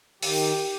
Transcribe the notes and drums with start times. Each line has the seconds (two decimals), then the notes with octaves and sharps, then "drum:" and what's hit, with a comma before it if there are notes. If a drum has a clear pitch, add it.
0.22 D#3 G4, drum: open hi-hat